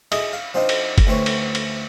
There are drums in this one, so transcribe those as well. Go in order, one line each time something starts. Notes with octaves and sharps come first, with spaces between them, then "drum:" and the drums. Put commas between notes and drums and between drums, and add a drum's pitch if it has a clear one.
E4 G#4 D#5, drum: cymbal
F5
F3 C4 D4 D#4
drum: cymbal
drum: kick F#1, cymbal
D2 E3 C4 C#5
drum: cymbal
drum: cymbal